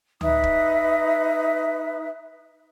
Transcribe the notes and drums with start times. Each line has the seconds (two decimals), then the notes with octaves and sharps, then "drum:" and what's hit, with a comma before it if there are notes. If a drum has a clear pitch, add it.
0.21 D#4 B4 E5 D#6, drum: tom C#2
0.43 drum: kick